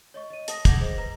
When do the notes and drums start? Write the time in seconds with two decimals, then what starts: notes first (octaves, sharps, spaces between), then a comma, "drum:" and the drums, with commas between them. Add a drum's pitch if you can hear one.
0.14 C#5 D#5 C#6
0.30 D#5 D#7
0.48 A5 D#6 A#6, drum: hi-hat
0.65 F#5 D6 G6 G#6 A#6, drum: kick, hi-hat
0.80 G#4 C5 D#5
0.98 B4 A#5 A#6